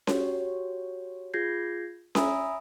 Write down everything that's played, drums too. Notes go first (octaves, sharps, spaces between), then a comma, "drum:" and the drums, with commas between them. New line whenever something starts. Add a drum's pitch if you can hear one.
F#4 G4 C#5, drum: snare C#4
F4 G#4 G6 G#6 A#6 C7
E5 G#5 A#5 B5 D#6 E6, drum: snare C#4